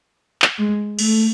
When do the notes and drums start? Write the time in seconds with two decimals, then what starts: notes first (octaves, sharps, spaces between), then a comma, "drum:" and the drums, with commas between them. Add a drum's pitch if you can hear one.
0.42 drum: clap
0.58 G#3
0.99 A3, drum: cymbal